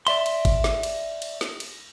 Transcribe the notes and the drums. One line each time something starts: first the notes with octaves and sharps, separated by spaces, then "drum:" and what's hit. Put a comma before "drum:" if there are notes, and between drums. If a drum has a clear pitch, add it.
D5 E5 C6, drum: cymbal
drum: cymbal
drum: kick G#1, cymbal
drum: snare
drum: cymbal
drum: cymbal
drum: snare
drum: cymbal